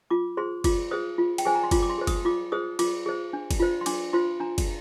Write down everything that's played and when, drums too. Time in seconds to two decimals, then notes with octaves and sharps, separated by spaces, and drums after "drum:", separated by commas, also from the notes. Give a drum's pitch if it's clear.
0.10 F4 D6
0.37 G#4 C5 C6
0.64 F4 D6, drum: kick, cymbal
0.91 G#4 C5 D#6
1.18 F4
1.38 G5, drum: cymbal
1.45 G#4 C5 G#5
1.55 A#5
1.63 C6
1.71 F4 D6, drum: kick, cymbal
1.83 D6
1.90 C6
1.98 G#4 C5
2.07 D#6, drum: kick, cymbal
2.25 F4 D6
2.52 G#4 C5 D#6
2.79 F4 D6, drum: cymbal
3.06 G#4 C5
3.33 D4
3.51 drum: kick, cymbal
3.60 F4 C5
3.81 C6
3.86 D4 D6, drum: cymbal
4.13 F4 C5 C6
4.40 D4 A#5
4.58 drum: kick, cymbal